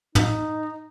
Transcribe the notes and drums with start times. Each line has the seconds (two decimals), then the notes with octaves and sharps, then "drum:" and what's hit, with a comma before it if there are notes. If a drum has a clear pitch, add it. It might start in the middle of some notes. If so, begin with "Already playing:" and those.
0.15 D#4, drum: tom